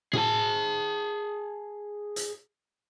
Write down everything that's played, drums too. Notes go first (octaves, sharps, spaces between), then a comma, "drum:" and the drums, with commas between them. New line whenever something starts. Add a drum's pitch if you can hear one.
G#4 A5, drum: tom A2
drum: hi-hat